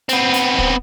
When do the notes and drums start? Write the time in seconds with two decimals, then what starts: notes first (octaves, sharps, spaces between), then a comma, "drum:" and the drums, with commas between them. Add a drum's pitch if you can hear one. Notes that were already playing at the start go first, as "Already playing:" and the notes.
0.09 B3 C4, drum: hi-hat
0.34 drum: hi-hat
0.58 drum: kick